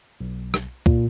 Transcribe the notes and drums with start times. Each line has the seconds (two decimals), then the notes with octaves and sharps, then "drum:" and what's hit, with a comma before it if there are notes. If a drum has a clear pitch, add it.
0.21 B1
0.54 drum: rim click
0.86 A#2, drum: kick